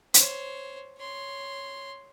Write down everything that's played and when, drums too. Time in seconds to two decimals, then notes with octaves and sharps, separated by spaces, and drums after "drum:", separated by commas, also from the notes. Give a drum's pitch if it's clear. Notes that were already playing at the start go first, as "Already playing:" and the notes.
0.14 C5 C#5, drum: hi-hat
0.97 C#5 C6